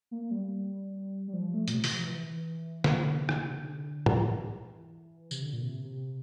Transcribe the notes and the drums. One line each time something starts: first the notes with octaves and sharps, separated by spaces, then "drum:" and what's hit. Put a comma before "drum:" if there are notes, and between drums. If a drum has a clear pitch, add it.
A#3
G3
G3
F3
A3
A#2, drum: hi-hat
C3
E3, drum: open hi-hat
F3
E3
E3
drum: snare
D3
E3
D3, drum: rim click
C3
D3
drum: tom G#2
E3
C3, drum: tambourine
D3
A#2
C3
C3